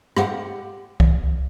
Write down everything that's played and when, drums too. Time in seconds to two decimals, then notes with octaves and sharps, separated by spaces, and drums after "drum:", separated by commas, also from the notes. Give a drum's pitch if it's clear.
0.17 G4 F5 F#5, drum: rim click
1.00 drum: kick C2